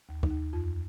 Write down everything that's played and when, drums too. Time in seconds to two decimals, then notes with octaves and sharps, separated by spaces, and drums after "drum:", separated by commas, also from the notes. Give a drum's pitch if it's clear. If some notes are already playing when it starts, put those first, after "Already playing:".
0.09 D#2
0.23 D#4, drum: kick
0.31 D#2
0.53 F2 F4